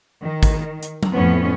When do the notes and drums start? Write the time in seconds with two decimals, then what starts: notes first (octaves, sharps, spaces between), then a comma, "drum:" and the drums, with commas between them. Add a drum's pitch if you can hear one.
0.23 D#3
0.43 drum: kick, hi-hat
0.83 drum: hi-hat
1.03 drum: tom F#3
1.14 F2 A2 B3 C#4